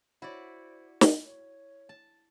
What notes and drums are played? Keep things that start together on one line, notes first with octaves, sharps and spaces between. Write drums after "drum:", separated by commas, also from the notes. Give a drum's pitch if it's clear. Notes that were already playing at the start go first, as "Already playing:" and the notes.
E4 F#4 C5 D5
drum: snare
C#5
A5